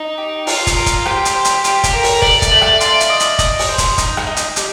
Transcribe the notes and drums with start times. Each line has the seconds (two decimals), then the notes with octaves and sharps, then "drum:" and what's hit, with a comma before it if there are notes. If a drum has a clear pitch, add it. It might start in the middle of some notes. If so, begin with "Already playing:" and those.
Already playing: D#4
0.18 G4
0.47 F4 A#4, drum: open hi-hat
0.67 drum: kick, hi-hat
0.77 A#4
0.86 drum: kick, hi-hat
1.05 G4 C5, drum: rim click
1.25 drum: hi-hat
1.35 C5
1.45 drum: hi-hat
1.64 F4 G4, drum: hi-hat
1.84 drum: kick, hi-hat
1.93 A4 A#4
2.03 drum: open hi-hat
2.22 A3 D5, drum: kick
2.42 drum: kick, hi-hat
2.51 A3
2.61 drum: rim click
2.80 F4, drum: hi-hat
3.00 drum: hi-hat
3.10 D#5
3.20 drum: hi-hat
3.39 D#5, drum: kick, hi-hat
3.59 drum: open hi-hat
3.69 C5
3.78 drum: kick, hi-hat
3.98 D#4, drum: kick, hi-hat
4.17 drum: rim click
4.27 D#4
4.37 drum: hi-hat
4.56 G4, drum: hi-hat